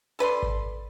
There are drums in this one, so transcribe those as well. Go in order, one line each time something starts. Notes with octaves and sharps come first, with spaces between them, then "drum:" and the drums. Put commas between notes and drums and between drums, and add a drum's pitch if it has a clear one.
A4 B4 D5 C6
drum: kick G#1